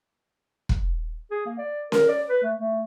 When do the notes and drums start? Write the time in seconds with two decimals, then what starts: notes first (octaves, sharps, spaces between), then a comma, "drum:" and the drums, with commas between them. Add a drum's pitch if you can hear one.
0.69 drum: kick
1.31 G#4
1.46 A#3
1.58 D5
1.92 A#4, drum: snare C#4
2.09 D5
2.29 B4
2.43 A3
2.58 A3